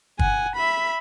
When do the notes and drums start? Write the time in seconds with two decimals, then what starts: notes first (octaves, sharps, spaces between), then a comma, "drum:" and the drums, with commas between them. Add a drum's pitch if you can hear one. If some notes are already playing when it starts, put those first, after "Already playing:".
0.19 F#5 G#5, drum: kick
0.55 E5 B5